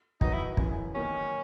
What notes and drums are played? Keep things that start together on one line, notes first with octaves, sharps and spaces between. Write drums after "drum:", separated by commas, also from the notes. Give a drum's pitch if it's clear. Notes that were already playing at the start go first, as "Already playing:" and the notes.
D#3 F#3 B3 D#4 F#4, drum: kick
E4
F#2 C#3 E3 B3, drum: kick
D#3 F#3 A#3 C#4 D#4